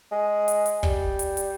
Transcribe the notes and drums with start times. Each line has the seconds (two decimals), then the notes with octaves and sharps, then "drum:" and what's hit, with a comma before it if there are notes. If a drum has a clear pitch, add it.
0.12 G#3
0.48 drum: hi-hat
0.66 drum: hi-hat
0.83 G3, drum: kick
1.19 drum: hi-hat
1.37 drum: hi-hat